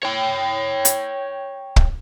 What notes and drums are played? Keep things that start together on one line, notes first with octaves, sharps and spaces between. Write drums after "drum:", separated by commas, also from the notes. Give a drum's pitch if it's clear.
C#5 G5
drum: hi-hat
drum: kick